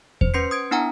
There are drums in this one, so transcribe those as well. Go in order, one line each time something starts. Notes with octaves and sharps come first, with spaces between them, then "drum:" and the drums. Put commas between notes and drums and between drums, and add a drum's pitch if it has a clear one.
C5, drum: kick E2
C#4 B4 C6 G6 C7 C#7
D#6 G#6 D7
B3 D4 E4 F#5 G#5 A#5